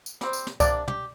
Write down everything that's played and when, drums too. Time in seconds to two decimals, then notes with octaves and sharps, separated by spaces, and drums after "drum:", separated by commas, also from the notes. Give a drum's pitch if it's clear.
0.06 drum: tambourine
0.21 G3 C4, drum: snare
0.33 drum: tambourine
0.47 drum: snare
0.60 C3 A#3 D4 D5, drum: kick C2, tambourine
0.88 G4, drum: tom